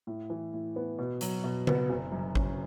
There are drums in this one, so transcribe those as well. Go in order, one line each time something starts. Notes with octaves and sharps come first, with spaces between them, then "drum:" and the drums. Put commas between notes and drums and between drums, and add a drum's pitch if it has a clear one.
A2
E3
A2
B3
B2
F#3, drum: hi-hat
B2
B3, drum: tom C#3
F#1
F#2
C#4, drum: kick G#1